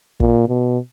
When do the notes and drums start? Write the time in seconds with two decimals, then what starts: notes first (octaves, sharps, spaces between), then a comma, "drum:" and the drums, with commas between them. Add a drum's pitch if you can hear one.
0.20 A#2, drum: kick
0.48 B2